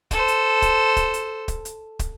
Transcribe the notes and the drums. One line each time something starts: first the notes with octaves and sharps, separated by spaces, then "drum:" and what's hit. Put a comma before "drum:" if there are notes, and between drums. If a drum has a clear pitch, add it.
A4 C5, drum: kick, hi-hat
drum: hi-hat
drum: kick, hi-hat
drum: kick, hi-hat
drum: hi-hat
drum: kick, hi-hat
drum: hi-hat
drum: kick, hi-hat